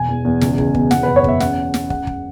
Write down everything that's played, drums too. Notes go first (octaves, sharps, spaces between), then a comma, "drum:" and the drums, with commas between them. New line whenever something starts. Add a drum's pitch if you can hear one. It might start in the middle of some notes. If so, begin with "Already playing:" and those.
Already playing: E1 B2 G#5
E2
E2
C#2, drum: snare
C#2, drum: kick
B2, drum: kick
E2 F#5, drum: snare
F#1 B4
C#5
E2 E5, drum: kick
F#2 F#5, drum: snare
C#4
F#2, drum: snare
F#2 F#5, drum: kick
drum: kick